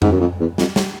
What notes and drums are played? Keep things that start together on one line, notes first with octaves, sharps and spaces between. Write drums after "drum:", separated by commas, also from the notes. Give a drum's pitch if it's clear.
G#2, drum: tom F2
F#2
F2
E2
F2, drum: snare
drum: snare